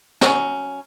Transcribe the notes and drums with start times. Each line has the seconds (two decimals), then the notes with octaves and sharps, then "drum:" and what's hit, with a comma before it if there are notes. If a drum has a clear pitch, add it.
0.21 F#3 C#4, drum: snare